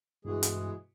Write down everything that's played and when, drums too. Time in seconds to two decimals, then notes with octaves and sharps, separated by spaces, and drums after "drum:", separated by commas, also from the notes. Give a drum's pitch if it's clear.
0.25 G2 B2 E3 G#3 E4 F#4 G#4
0.43 drum: hi-hat